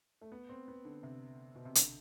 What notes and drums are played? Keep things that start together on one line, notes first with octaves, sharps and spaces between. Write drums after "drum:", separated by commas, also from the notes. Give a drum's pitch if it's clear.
A3
B3
C4
B3
D3
C3
B2
C3
D3, drum: hi-hat